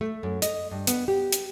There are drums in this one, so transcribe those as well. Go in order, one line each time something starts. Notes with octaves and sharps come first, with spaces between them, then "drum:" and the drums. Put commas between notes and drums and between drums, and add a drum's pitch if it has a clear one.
A3
F#2
D#5, drum: hi-hat
G2
B3, drum: hi-hat
G4
drum: hi-hat